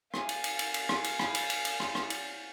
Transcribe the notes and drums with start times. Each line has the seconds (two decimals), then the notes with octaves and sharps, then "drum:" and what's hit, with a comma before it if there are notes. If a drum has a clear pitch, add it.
0.14 F5 G#5, drum: rim click
0.29 drum: cymbal
0.44 drum: cymbal
0.59 drum: cymbal
0.74 drum: cymbal
0.89 drum: rim click
1.04 drum: cymbal
1.19 drum: rim click
1.35 drum: cymbal
1.50 drum: cymbal
1.65 drum: cymbal
1.80 drum: rim click
1.95 drum: rim click
2.10 drum: cymbal